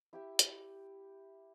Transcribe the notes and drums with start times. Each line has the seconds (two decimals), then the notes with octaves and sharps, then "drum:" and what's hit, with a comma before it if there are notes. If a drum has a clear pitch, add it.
0.13 E4 G4 E5
0.39 drum: hi-hat